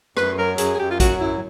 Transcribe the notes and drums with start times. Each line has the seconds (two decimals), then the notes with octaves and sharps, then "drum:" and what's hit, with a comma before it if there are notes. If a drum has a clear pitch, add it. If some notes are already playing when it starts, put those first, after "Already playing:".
0.17 F#2 B4, drum: rim click
0.38 F#3 A#4
0.58 F#2 G#4, drum: hi-hat
0.75 G#4
0.79 F#2 G4
0.90 F4
1.00 F#3 F#4, drum: kick A#1, hi-hat
1.20 F#2 E4